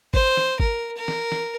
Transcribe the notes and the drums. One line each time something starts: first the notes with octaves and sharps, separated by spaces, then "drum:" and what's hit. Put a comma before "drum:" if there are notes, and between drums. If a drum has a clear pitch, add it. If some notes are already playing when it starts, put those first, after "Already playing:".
C5, drum: kick G1
drum: snare
A#4, drum: kick G1
A#4
drum: snare
drum: snare